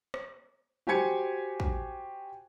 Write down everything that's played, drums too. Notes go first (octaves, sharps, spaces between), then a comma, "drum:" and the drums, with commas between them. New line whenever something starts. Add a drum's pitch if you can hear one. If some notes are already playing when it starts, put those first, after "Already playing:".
drum: rim click
F#4 G4 C5 G#5 G#6 C#7, drum: tom
drum: kick